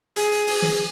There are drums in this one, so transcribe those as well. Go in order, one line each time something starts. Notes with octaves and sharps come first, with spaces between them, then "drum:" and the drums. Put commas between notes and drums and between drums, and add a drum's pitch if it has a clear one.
G#4, drum: hi-hat
drum: hi-hat
drum: open hi-hat
drum: snare